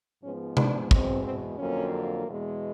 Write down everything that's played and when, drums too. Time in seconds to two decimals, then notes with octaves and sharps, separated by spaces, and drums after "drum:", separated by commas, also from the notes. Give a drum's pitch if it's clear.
0.23 G#2 F3 G#3 B3 C#4
0.57 D4, drum: tom C3
0.91 E2 B2 G#3 C4, drum: kick
1.24 C4
1.58 F2 D3 F#3 A#3 C#4
2.26 E2 B2 G#3